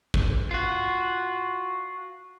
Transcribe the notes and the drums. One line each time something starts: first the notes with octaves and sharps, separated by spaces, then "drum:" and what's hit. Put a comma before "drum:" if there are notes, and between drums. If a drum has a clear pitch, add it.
drum: kick
F4 F#4